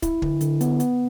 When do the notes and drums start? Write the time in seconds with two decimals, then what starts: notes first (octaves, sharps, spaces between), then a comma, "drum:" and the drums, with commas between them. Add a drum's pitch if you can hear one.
0.02 E4, drum: kick, hi-hat
0.22 D3, drum: kick
0.41 D3, drum: hi-hat
0.61 B3, drum: hi-hat
0.80 B3, drum: hi-hat